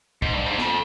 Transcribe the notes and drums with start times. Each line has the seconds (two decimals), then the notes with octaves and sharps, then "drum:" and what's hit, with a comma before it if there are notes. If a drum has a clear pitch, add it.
0.22 G#2, drum: kick
0.33 G2
0.46 G#2
0.58 F2, drum: snare